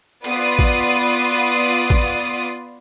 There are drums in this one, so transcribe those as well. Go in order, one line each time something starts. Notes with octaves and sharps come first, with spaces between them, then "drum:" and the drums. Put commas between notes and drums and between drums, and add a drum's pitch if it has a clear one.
B3 F4 B4 D5 C6 D#6, drum: cymbal
drum: kick
drum: kick